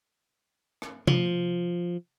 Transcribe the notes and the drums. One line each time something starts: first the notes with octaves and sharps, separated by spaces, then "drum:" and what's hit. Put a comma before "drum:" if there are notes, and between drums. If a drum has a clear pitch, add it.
drum: rim click
F3, drum: tom C3